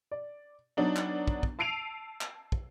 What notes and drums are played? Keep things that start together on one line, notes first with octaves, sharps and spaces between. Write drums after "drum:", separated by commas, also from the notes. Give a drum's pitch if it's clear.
D5
F#3 B3 D4 D#4
drum: clap
drum: kick
drum: kick
A5 E6 C7 D7 D#7 F7
drum: clap
drum: kick